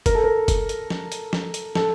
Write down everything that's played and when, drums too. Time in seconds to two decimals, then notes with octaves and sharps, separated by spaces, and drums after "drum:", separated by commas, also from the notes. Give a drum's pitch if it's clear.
0.06 A#4, drum: kick, hi-hat
0.15 A4
0.24 A#4
0.48 drum: kick, hi-hat
0.69 drum: hi-hat
0.90 drum: snare
1.12 drum: hi-hat
1.33 drum: snare
1.54 drum: hi-hat
1.75 A4, drum: snare